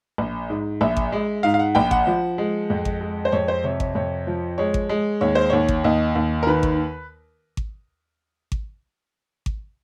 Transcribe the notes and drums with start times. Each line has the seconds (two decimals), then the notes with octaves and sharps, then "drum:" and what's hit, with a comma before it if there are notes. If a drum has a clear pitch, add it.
0.18 A#1
0.50 G#2
0.81 A#1 E5
0.97 drum: kick G#1
1.12 G#3
1.43 G#2 F5
1.54 F5
1.59 F#5
1.75 A#1 G5
1.91 F#5, drum: kick G#1
2.07 F3
2.38 G#3
2.70 F2
2.85 drum: kick G#1
3.01 G#3
3.25 C5
3.32 F2 C#5
3.48 C5
3.64 C3 C#5
3.80 C#5, drum: kick G#1
3.95 F2 C#5
4.27 F3
4.58 G#3 C#5
4.74 drum: kick G#1
4.89 G#3
5.21 D#2 C#5
5.35 C5
5.50 D#2 C#5
5.68 drum: kick G#1
5.84 D#2 D#5
6.15 D#2
6.43 A#4
6.47 D#3 B4
6.63 drum: kick G#1
7.57 drum: kick G#1
8.52 drum: kick G#1
9.46 drum: kick G#1